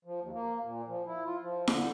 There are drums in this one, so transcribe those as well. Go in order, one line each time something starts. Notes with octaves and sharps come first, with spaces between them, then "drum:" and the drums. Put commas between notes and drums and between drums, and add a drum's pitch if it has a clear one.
F3
D#2
A#3
A#2
F3
E4
F4
F3
D3, drum: snare E4